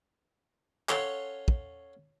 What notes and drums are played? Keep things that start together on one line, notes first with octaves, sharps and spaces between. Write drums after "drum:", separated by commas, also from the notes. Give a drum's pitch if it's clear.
C#4 A4 C#5 F5 F#5 C6, drum: clap
drum: kick